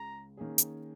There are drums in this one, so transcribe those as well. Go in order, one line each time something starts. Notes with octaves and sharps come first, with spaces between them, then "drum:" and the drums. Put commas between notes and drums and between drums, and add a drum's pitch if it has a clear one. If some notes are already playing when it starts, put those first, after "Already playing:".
Already playing: C#2 C#3 A#5
D#3 A#3 C#4 G#4
drum: hi-hat